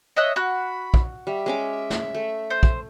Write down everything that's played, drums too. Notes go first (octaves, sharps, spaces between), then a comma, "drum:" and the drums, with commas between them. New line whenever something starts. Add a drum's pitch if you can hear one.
C#5 D#5 E5 F#6
F#4 B5 F#6
drum: kick
G3 E5
G#3 C#4 D6
drum: snare
A3
C5
drum: kick